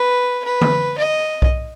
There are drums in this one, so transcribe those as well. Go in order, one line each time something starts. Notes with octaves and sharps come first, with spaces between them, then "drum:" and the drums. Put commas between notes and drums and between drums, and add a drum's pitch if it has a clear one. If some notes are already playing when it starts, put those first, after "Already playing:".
Already playing: B4
B4
drum: tom D3
D#5
drum: kick B1